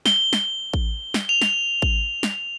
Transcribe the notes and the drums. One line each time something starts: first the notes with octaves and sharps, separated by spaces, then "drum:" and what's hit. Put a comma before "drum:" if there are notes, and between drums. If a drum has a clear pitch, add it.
G7, drum: snare
drum: snare
drum: kick A1
drum: snare
F7
drum: snare
drum: kick A1
drum: snare